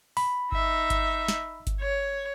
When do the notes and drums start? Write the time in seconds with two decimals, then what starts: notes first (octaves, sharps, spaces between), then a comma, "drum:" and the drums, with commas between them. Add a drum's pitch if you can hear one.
0.17 B5, drum: open hi-hat
0.52 D#4 E5, drum: kick G1
0.90 drum: kick G1, hi-hat
1.28 drum: snare
1.67 drum: kick G1, hi-hat
1.81 C#5